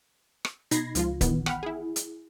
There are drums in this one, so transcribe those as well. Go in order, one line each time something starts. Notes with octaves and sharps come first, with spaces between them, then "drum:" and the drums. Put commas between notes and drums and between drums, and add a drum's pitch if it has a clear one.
drum: rim click
B2 D#4 B5 G#6 A#6 C7, drum: hi-hat
C#2 F3 F4, drum: hi-hat
A#1 D#3 E3 B3, drum: kick C#1, hi-hat
F#5 G5 B5 F6, drum: rim click
E4 G#4
drum: hi-hat